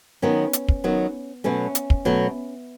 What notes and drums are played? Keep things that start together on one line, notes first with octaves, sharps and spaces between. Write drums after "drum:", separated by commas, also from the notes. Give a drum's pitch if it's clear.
D#3 F#3 B3 C#4
drum: hi-hat
drum: kick
D#3 F#3 B3
B2 F#3 A3 C#4
drum: hi-hat
drum: kick
B2 F#3 A3